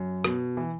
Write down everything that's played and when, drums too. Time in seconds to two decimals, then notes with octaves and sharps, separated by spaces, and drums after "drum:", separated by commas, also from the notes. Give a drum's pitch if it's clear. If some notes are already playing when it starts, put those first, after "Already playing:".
Already playing: F#2
0.24 B2, drum: rim click
0.57 E3